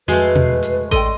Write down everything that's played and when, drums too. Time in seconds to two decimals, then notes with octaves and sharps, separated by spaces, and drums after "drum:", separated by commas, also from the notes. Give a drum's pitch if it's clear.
0.08 F2 G#3 A3 F#4 B4 C7, drum: hi-hat
0.35 drum: tom
0.63 drum: hi-hat
0.91 A4 D5 D#5 G5 C6, drum: kick A1, hi-hat